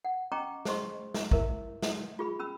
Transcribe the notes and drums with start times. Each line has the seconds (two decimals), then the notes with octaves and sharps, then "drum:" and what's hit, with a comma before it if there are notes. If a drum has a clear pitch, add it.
0.05 F#5
0.32 C#4 D#5 G5 A#5 C#6 D6
0.65 G#4 C5 D#5 C6 C#6, drum: snare
1.14 drum: snare
1.31 E4 A#4 E5, drum: kick
1.82 drum: snare
2.19 F4 G#4 B5
2.39 C#4 B5 E6